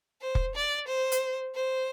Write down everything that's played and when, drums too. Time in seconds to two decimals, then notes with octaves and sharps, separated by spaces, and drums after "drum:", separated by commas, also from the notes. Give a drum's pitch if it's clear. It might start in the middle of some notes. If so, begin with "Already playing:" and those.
0.21 C5
0.35 drum: kick
0.55 D5
0.88 C5
1.12 drum: hi-hat
1.55 C5